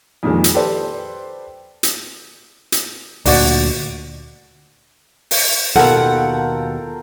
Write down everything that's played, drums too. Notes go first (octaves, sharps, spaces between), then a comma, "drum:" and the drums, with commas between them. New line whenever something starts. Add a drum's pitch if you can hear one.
F2 A#2 D#3 F3 G#3
drum: hi-hat
G4 A4 B4 C5 D5
drum: hi-hat
drum: hi-hat
D2 A#2 D4 F#4 D5, drum: open hi-hat
drum: open hi-hat
D#2 B2 F4 A4 A#4 F#5 G5